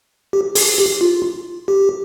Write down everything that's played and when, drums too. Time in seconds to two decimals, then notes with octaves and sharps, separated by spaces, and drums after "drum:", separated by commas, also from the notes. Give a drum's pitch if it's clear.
0.33 G4
0.55 G#4, drum: open hi-hat
0.78 G4
1.01 F4
1.68 G4